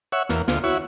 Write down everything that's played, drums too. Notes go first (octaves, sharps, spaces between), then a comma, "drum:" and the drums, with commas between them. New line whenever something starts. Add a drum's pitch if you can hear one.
C#5 E5 F#5
E2 A#3, drum: snare
D2 F4, drum: snare
E4 F#4 C#5